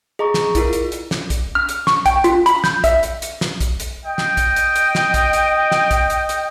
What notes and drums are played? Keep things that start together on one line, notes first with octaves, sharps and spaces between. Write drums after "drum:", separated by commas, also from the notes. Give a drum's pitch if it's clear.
G#4 D#5 A#5 C#6 D6
drum: snare
E4 F4 A#4, drum: kick, hi-hat
drum: hi-hat
drum: hi-hat
drum: snare
drum: kick, hi-hat
F6
drum: hi-hat
C#6, drum: snare
G5, drum: kick, hi-hat
F4, drum: hi-hat
B5, drum: hi-hat
G6, drum: snare
E5, drum: kick, hi-hat
drum: hi-hat
drum: hi-hat
drum: snare
drum: kick, hi-hat
drum: hi-hat
D#5 G5
drum: snare
drum: kick, hi-hat
drum: hi-hat
drum: hi-hat
drum: snare
drum: kick, hi-hat
drum: hi-hat
drum: snare
drum: kick, hi-hat
drum: hi-hat
drum: hi-hat